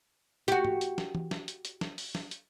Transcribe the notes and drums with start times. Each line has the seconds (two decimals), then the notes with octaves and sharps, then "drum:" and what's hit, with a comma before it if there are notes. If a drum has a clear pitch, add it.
0.48 F#4 G4, drum: hi-hat
0.65 drum: tom G#2
0.81 drum: hi-hat
0.98 drum: snare
1.15 drum: tom
1.31 drum: snare
1.48 drum: hi-hat
1.65 drum: hi-hat
1.81 drum: snare
1.98 drum: open hi-hat
2.15 drum: snare
2.31 drum: hi-hat